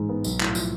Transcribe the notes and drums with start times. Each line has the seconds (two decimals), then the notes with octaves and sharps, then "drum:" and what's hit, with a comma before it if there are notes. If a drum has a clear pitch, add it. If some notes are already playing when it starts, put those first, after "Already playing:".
Already playing: A1 G#2 G#3
0.09 B3
0.24 B1, drum: tambourine
0.40 A2, drum: clap
0.55 F3, drum: tambourine